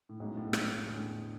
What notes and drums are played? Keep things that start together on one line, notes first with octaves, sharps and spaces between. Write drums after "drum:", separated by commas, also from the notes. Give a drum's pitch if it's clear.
A2
B1 G#2 B2 G#3 C#4 E4
A2
drum: rim click
E2 A2 D3 G#3 C#4 G#4